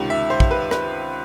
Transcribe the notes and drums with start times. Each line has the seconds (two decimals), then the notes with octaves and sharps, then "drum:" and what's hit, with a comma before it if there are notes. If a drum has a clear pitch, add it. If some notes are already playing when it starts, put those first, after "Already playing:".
Already playing: C#2 C3 D#3
0.10 E5
0.30 C5
0.40 drum: kick
0.51 B4
0.71 B4, drum: rim click